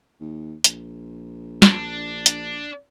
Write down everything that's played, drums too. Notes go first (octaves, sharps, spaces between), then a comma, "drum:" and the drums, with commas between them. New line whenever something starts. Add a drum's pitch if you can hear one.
D#2
A#1, drum: hi-hat
D4, drum: snare
drum: hi-hat